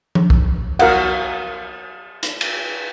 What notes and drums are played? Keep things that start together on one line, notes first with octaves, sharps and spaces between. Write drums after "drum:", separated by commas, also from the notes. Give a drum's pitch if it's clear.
drum: tom F3
drum: kick
F#4 A#4 F5 F#5, drum: cymbal
drum: hi-hat
drum: cymbal